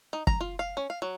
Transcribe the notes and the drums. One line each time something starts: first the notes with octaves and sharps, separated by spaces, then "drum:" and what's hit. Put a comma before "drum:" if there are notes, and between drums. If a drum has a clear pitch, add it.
D#4
A#5, drum: kick
F4
F5
C#4
F5
F#3